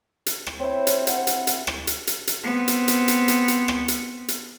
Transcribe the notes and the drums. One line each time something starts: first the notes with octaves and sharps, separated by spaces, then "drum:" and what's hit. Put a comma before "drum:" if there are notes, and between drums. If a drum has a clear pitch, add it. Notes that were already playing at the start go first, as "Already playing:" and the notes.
drum: hi-hat
drum: rim click
C4 E4 C5 C#5
drum: hi-hat
F#5, drum: hi-hat
drum: hi-hat
drum: hi-hat
drum: rim click
drum: hi-hat
drum: hi-hat
drum: hi-hat
B3 C4
drum: hi-hat
drum: hi-hat
drum: hi-hat
drum: hi-hat
drum: hi-hat
drum: rim click
drum: hi-hat
drum: hi-hat